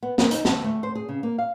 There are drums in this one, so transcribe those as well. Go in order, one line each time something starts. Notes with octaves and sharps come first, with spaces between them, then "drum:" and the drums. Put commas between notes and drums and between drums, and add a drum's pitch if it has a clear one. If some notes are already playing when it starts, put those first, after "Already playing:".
B3
A#3, drum: snare
D#4, drum: hi-hat
A4, drum: snare
A3
C5
G#4
C#3
A#3
F5